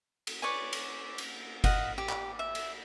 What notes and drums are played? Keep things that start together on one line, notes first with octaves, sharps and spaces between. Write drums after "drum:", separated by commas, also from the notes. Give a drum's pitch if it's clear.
drum: cymbal
B4 C#5 D5 G#5
drum: cymbal
drum: cymbal
D#5 F5 F#5, drum: kick F#1, cymbal
G4
drum: clap
E5
drum: cymbal